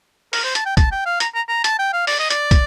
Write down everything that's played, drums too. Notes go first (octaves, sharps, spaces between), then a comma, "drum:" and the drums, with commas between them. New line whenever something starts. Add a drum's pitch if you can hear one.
A#4, drum: open hi-hat
C5
A5, drum: hi-hat
G5
A5, drum: kick, hi-hat
G5
F5
A#5, drum: hi-hat
A#5
A#5
A5, drum: hi-hat
G5
F5
D5, drum: open hi-hat
D#5
D5, drum: hi-hat
drum: kick, hi-hat